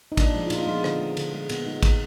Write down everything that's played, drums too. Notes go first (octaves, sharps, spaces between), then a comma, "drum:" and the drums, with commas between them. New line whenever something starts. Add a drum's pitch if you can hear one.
D#4
A#2 D4, drum: kick, cymbal
F3 G#3
F4
A#2 D#4, drum: cymbal
F4
F3 G#3 D#4
B3
D3, drum: rim click
G#3
D3, drum: cymbal
G#3
A#2 B3, drum: cymbal
G#3 D#4
A#2, drum: kick, cymbal